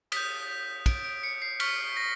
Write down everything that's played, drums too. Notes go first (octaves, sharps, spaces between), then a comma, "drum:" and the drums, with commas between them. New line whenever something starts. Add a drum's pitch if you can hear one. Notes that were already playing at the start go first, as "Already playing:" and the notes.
D#6 G6 B6, drum: cymbal
D7, drum: kick, cymbal
D7
C#7
C7
C#6 F6 B6, drum: cymbal
A#6